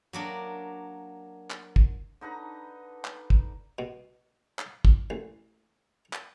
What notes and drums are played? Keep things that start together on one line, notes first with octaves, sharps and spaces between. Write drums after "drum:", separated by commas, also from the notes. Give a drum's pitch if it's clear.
F#3 A#3 D4
drum: clap
drum: kick
D3 D#4 B4 A#5
drum: clap
drum: kick
B2
drum: clap
drum: kick
A1
drum: clap